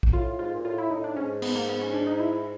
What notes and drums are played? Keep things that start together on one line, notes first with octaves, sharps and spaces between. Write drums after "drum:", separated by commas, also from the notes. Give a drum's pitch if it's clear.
drum: kick A#1
A2 F4
G#2 F4
A#2
A2 F4
E4
A2 D#4
D4
G#2 C#4
B3, drum: cymbal
A#3
B3
C#4
D4
D#4
E4